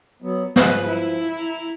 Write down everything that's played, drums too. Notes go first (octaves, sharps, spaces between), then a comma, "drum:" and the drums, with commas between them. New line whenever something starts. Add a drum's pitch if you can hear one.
F#3 B3
F3 G#4 B4, drum: snare
E4
A#5